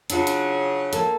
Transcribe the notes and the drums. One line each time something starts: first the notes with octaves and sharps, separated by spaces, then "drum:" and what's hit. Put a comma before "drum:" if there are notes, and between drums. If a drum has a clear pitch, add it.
C#3 F#3 D4 F4, drum: hi-hat
drum: hi-hat
A#3 A4, drum: hi-hat